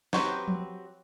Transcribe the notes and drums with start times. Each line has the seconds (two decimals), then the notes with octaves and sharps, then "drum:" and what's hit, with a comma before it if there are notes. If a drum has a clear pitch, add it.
0.13 F#3 C4 G4 B4, drum: snare
0.48 drum: tom F3